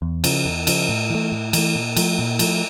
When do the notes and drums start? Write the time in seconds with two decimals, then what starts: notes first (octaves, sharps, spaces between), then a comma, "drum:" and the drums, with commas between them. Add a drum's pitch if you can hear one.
0.02 E2
0.24 C#3 F3, drum: cymbal
0.45 E2
0.67 C#3 F3, drum: cymbal
0.89 A2
1.10 E3 A3
1.32 A2
1.53 E3 A3, drum: cymbal
1.76 A#2
1.96 F3 A3, drum: cymbal
2.19 A#2
2.39 F3 A3, drum: cymbal